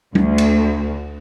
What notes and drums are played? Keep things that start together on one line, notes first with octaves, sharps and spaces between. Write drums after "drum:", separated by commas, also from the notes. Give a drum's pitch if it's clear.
D2, drum: tom
drum: cymbal